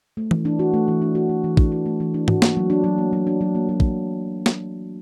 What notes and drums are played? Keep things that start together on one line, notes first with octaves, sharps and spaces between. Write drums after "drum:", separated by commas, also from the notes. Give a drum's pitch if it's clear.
A3
E3, drum: tom E3
D4
F#4
A3
E3
D4
F#4
A3
E3
D4, drum: kick
F#4
A3
E3
D4
F#4, drum: tom G#2
A#3, drum: snare
F#3
D4
F#3
A#3
F#3
D4
F#3
A#3
F#3
drum: kick
drum: snare